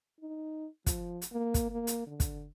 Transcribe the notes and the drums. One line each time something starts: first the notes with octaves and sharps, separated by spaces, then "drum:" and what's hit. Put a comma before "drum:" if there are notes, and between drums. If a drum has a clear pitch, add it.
D#4
F3, drum: kick, hi-hat
drum: hi-hat
A#3
drum: kick, hi-hat
A#3
drum: hi-hat
D3
drum: kick, hi-hat